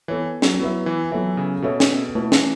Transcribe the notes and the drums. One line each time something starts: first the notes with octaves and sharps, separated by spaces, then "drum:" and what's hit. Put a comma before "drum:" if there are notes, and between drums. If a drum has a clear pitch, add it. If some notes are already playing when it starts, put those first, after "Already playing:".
E3 B3 A4 C#5
F#3, drum: snare
F#3 B3 E4 B4 E5
E3
E3 F#3 B3 A4 C#5 E5
C#3
B2 B3 A4 C#5 E5
drum: snare
B2 A3 E4 B4
E3, drum: snare